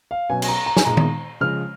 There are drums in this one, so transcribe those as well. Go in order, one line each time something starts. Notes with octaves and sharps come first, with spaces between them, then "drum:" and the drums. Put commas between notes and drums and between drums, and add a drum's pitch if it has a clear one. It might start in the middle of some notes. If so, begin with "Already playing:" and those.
F5
B2 F#3 C#4 G#5
G#5, drum: cymbal
A#5
A#5
G#5, drum: snare
A#2 G#3 D#4 A#5
drum: tom D#3
C#3 F3 G#3 F6